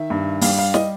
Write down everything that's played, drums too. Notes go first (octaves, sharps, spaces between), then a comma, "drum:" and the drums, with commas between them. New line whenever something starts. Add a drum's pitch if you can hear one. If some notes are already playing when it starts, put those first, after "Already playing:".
Already playing: D#3 E5
G2
G3 F5, drum: open hi-hat
F5
D#5, drum: snare